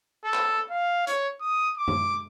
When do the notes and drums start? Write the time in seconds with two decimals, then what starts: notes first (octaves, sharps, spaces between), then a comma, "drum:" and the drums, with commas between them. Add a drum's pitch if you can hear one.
0.24 A4
0.34 drum: clap
0.70 F5
1.07 C#5, drum: hi-hat
1.41 D#6
1.78 D6
1.88 drum: tom F#2